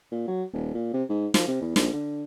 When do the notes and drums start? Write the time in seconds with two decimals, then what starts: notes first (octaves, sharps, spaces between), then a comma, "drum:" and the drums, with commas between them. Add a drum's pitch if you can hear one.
0.12 A#2
0.28 F#3
0.53 D#1
0.74 A#2
0.93 C3
1.09 G#2
1.34 F3, drum: snare
1.47 C3
1.62 E2
1.76 A#1, drum: snare
1.93 D3